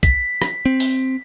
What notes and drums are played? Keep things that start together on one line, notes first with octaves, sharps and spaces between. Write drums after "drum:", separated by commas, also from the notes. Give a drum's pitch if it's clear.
B6, drum: kick, hi-hat
drum: rim click
C4
drum: open hi-hat